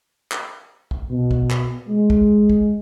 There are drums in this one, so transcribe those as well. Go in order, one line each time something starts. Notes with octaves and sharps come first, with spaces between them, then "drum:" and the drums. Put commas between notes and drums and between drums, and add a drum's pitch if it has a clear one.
drum: clap
drum: kick
B2
drum: kick
drum: clap
G#3
drum: kick
drum: kick